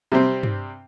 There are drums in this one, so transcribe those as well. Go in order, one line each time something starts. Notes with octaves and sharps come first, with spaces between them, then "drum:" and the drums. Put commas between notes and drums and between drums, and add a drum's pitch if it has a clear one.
C3 G3 C4
drum: tom G2